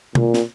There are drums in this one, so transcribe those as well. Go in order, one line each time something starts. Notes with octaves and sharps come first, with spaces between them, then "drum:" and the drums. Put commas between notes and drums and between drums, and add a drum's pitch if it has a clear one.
A#2, drum: tom
drum: snare